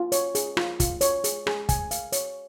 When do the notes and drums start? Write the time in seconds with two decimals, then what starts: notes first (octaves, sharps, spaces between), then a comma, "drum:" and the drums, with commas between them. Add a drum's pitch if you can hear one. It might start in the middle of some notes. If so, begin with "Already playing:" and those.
Already playing: F4
0.12 C#5, drum: hi-hat
0.35 G#4, drum: hi-hat
0.57 F4, drum: rim click
0.80 F4, drum: kick, hi-hat
1.01 C#5, drum: hi-hat
1.24 G#4, drum: hi-hat
1.47 G#4, drum: rim click
1.69 G#5, drum: kick, hi-hat
1.91 F5, drum: hi-hat
2.12 C#5, drum: hi-hat